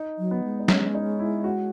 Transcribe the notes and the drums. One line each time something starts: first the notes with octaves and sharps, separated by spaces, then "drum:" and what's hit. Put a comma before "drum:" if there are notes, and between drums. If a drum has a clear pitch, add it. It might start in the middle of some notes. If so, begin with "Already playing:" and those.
Already playing: D#4
F#3
B3
G#3
D#4
C#4, drum: snare
D#4
E4
F#4